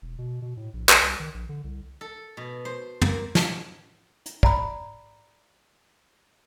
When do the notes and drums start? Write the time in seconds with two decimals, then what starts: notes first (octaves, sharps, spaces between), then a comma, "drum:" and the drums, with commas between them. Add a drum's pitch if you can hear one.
0.02 E1
0.18 B2
0.42 B2
0.57 A2
0.74 A#1
0.89 A#1, drum: clap
1.02 C2
1.20 D#3
1.34 A#1
1.49 D3
1.64 C2
2.01 A4
2.37 B2
2.65 C5
3.01 A#3, drum: tom
3.35 drum: snare
4.26 drum: hi-hat
4.43 D5 A#5 B5, drum: kick